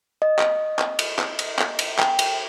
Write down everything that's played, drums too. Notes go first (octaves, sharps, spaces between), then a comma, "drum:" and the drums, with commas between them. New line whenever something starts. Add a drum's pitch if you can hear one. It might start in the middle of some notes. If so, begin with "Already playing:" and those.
D#5
drum: clap
drum: clap
drum: cymbal
drum: clap
drum: cymbal
drum: clap
drum: cymbal
G5, drum: clap
drum: cymbal